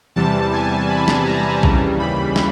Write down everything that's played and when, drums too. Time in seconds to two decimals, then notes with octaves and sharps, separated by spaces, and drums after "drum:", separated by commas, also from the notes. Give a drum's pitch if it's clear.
0.16 E2 C3 E3 G3 A5
0.53 G#5
0.90 B5
1.08 drum: snare
1.26 A#5
1.63 D#2 C#3 E3 G3, drum: kick A#1
1.99 B5
2.36 drum: snare